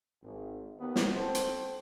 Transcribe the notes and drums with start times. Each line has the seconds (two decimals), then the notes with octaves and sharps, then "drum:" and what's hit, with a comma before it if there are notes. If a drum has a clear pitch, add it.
0.23 G#1
0.79 D#2 B3
0.96 drum: snare
1.15 C4 A4 C5
1.35 drum: hi-hat